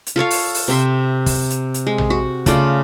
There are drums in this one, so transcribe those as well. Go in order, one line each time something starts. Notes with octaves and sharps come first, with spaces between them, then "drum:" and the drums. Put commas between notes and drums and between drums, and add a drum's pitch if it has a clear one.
drum: hi-hat
F4 A4 C#5 F5
drum: open hi-hat
drum: open hi-hat
C3 C4 E5 C6
drum: kick, open hi-hat
drum: hi-hat
drum: hi-hat
G#3
drum: tom A#1
F#4
C#3 A3 F4 D5, drum: kick, hi-hat